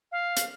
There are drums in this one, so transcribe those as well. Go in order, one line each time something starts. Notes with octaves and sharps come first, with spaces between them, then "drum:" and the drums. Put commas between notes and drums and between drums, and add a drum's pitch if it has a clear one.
F5
drum: hi-hat